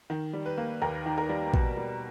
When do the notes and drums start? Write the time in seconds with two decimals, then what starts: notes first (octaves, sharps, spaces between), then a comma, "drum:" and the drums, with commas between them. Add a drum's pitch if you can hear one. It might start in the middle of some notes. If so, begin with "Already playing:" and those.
0.10 D#3
0.34 G3
0.46 B4
0.58 A#3
0.82 D#2 A#4
1.06 D#3
1.18 A#4
1.29 G3
1.54 B2, drum: kick A1
1.77 G3